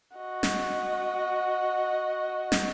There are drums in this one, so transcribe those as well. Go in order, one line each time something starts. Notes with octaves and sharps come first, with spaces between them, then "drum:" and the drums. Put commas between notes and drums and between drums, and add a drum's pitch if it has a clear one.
F#4 D#5
drum: snare
drum: snare